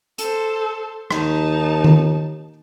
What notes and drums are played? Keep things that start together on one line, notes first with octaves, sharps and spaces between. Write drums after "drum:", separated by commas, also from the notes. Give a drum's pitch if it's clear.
A4 C5, drum: hi-hat
D#2 D#4 A5, drum: rim click
drum: tom D#3